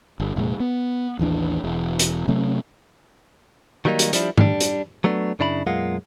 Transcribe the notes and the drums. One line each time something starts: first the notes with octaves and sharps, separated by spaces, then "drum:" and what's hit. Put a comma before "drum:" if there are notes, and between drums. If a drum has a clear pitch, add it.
G1
F1 A#2 G#3
B3
A1 D#2 E3 D4
E1
drum: hi-hat
C3 F#3 A3 C#4
D#3 F#3 G3 A#3 D#4
drum: hi-hat
F3 G3 D4 E4, drum: hi-hat
G3 D4, drum: tom G#2
drum: hi-hat
F#3 A3 B3 D4
F#2 C#3 D4 E4 A#5 B5
B1 F#2 G#3 A#3 F4 F#5